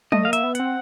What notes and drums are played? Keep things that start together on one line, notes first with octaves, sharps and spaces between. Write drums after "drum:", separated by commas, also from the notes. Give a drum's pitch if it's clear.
A3 D#5, drum: tom
F5
A#3
E5, drum: hi-hat
B3
C4 F#5, drum: hi-hat